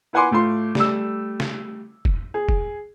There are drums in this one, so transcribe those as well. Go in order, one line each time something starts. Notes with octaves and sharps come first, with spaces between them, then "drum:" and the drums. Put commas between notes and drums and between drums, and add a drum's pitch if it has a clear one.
E4 B4 F#5 G#5 C6 D6
A2 A3 F4 C6
G3 A3 E6, drum: snare
drum: snare
drum: kick E1
G#4
drum: kick E1